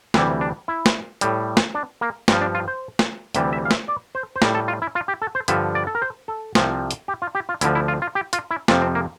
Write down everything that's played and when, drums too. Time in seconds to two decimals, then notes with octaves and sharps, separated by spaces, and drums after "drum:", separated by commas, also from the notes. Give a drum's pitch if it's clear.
0.14 D2 C3 E3 G3 E4, drum: snare
0.41 D4
0.68 E4
0.86 drum: snare
1.21 A2 G3, drum: hi-hat
1.57 drum: snare
1.75 D4
2.01 A#3
2.28 G2 F3 C4, drum: snare
2.41 D4
2.55 F4
2.68 C5
2.99 drum: snare
3.35 D2 C3 E3 G3 E5, drum: hi-hat
3.53 E5
3.65 F5
3.71 E5, drum: snare
3.88 D5
4.15 C5
4.36 C5
4.42 A2 G3 A#4, drum: snare
4.55 A4
4.68 F4
4.82 E4
4.95 F4
5.08 G4
5.22 A4
5.35 C5
5.48 G2 D3 F3 E5, drum: hi-hat
5.75 D5
5.87 A4
5.95 A#4
6.02 C5
6.28 A4
6.55 C2 C3 F3, drum: snare
6.91 drum: hi-hat
7.08 G4
7.22 F4
7.35 G4
7.49 F4
7.61 D2 D3 F3 E4, drum: hi-hat
7.75 E4
7.88 F4
8.02 F4
8.15 G4
8.33 F4, drum: hi-hat
8.51 E4
8.68 F2 C3 F3 D4, drum: snare
8.82 C4
8.95 A#3